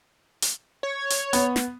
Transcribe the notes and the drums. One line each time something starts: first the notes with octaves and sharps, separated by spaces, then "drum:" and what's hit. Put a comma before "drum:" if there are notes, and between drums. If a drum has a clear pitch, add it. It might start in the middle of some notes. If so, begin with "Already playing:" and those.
drum: hi-hat
C#5
drum: hi-hat
B3, drum: hi-hat
drum: snare